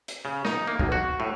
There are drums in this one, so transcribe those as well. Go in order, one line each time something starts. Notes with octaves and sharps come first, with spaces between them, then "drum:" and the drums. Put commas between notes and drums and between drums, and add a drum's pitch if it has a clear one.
drum: hi-hat
C#3
D#4, drum: snare
A#3
B1, drum: kick
F#4
A2